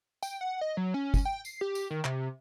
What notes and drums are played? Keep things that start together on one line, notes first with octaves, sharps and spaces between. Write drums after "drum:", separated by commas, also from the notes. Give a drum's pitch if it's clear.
G5, drum: tambourine
F#5
D#5
F#3
C#4
drum: kick, tambourine
G5
C7, drum: tambourine
G4
drum: tambourine
D#3
C3, drum: clap